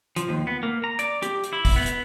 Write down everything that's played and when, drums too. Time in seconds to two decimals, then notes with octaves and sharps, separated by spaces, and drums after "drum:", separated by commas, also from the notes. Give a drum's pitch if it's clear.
0.16 F3, drum: hi-hat
0.29 D#2
0.47 B3
0.63 A#3
0.84 A#5
0.99 D5, drum: hi-hat
1.23 G4, drum: hi-hat
1.44 drum: hi-hat
1.53 E4
1.65 drum: kick, open hi-hat
1.76 B3
1.86 drum: hi-hat